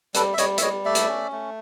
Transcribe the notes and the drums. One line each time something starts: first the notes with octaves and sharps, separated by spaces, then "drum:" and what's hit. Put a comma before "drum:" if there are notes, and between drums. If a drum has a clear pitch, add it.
G3 A4 B4, drum: hi-hat
E5
G3 C#5 D#5, drum: hi-hat
E5, drum: hi-hat
G3 C#5 D#5
A3 D5 E5
drum: hi-hat
C#4
A3